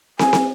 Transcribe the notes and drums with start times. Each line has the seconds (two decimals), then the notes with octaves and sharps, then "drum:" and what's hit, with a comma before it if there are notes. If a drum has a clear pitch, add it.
0.19 G#5, drum: snare
0.33 drum: snare